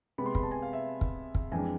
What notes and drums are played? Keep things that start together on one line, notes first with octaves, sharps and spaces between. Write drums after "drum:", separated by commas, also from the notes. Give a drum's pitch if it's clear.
C3 G#3 B3 B5
C6
B5, drum: kick
A5
G#5
F5
E5
drum: kick
drum: kick
F2 E3 G#3 D4 G#5